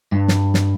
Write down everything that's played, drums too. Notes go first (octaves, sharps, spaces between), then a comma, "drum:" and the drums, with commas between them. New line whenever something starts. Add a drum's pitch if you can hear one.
G2
drum: snare
drum: snare